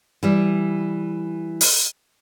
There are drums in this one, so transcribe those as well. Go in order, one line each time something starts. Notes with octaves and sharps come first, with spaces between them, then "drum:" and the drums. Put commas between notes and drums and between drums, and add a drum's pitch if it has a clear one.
E3 G3
drum: open hi-hat